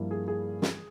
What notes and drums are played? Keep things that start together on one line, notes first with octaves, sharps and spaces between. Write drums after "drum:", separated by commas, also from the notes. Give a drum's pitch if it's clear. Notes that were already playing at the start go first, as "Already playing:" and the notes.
Already playing: G2 F3 A#3 E4
G#4
G#4
drum: snare